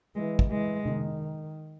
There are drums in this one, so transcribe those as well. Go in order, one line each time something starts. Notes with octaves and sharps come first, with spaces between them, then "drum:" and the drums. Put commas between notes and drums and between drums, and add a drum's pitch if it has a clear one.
E3 G#3
drum: kick
E3 G#3
D#3, drum: tom C3